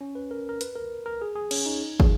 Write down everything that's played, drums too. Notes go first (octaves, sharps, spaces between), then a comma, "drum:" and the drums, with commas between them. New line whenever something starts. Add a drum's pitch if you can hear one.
C#4
B4
A#4
A#4
B4, drum: hi-hat
A#4
A#4
G#4
G#4
C#4, drum: cymbal
D#4
G#4, drum: kick